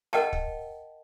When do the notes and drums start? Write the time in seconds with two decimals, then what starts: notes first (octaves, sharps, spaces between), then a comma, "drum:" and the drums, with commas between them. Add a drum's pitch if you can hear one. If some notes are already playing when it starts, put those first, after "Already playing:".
0.13 A#4 D#5 F#5 G5 A5, drum: rim click
0.33 drum: kick